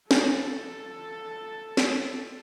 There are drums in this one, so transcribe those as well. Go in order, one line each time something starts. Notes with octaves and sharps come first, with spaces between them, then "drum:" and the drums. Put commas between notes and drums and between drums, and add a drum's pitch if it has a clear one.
A4 A5, drum: snare
drum: snare